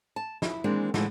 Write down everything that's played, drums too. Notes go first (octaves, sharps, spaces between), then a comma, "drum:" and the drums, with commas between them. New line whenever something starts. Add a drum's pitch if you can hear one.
A5
E4, drum: snare
D#3 E3 G#3 A#3 C4 D4
A2 D3 E3 G#3 A3, drum: snare